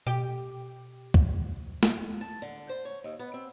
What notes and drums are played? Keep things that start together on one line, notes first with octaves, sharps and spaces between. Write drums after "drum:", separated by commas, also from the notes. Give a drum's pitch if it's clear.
B2 G4
drum: kick C#2
drum: snare
A5
D3
C5
C#5
D#2
B3
C4